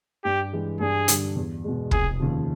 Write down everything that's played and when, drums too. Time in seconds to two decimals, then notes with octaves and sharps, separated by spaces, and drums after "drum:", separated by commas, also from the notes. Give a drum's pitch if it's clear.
0.25 G2 G4
0.53 E3 G#3
0.80 G2 G#4
1.08 D3 G3, drum: hi-hat
1.36 E2
1.64 B2 G#3
1.91 F1 G#4, drum: kick
2.20 D#2 C#3 F3